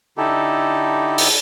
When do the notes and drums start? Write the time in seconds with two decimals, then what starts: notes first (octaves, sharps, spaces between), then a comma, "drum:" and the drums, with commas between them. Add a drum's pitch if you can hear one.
0.18 D3 D#4 E4 G4 A4
1.18 drum: open hi-hat